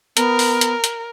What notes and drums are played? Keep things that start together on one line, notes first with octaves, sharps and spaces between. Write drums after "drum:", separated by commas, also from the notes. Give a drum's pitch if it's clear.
B3 A#4, drum: hi-hat
drum: open hi-hat
drum: hi-hat
drum: hi-hat